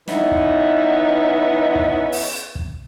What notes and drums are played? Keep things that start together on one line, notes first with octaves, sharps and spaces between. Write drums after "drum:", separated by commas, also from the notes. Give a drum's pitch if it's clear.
E3 B3 C#4 D#4 E5, drum: snare
drum: kick
drum: kick
drum: open hi-hat
drum: kick